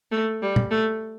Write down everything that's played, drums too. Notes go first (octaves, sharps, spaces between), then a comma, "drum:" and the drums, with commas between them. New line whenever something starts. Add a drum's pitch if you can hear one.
A3
G3
drum: tom
A3